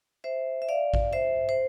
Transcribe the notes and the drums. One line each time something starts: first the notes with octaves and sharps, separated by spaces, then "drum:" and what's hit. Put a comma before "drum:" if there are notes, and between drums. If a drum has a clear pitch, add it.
C5 E5
E5
D5 F5
drum: kick A1
C5 E5
C5